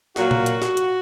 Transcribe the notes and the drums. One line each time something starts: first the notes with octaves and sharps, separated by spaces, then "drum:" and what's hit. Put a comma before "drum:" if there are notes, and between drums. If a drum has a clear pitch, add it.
A#2 F#3 A#3 F#4, drum: snare
drum: tom A#2
drum: hi-hat
drum: snare
drum: hi-hat